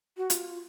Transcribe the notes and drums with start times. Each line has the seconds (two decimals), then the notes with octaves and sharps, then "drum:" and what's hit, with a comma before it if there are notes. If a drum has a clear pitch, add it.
0.17 F#4
0.30 F4, drum: hi-hat